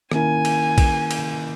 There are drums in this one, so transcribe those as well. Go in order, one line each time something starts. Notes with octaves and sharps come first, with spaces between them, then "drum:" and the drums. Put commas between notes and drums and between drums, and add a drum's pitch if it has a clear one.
D#3 A#3 C#4 E4 A#4 G#5, drum: rim click
drum: cymbal
drum: kick A#1, cymbal
drum: cymbal